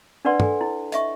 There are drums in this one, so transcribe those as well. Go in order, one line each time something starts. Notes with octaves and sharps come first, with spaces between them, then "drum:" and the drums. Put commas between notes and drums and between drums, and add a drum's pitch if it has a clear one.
D4 A#4 B4 D5 F#5 C6
A4 G#5, drum: tom
E4
D#5 E5 C#6, drum: hi-hat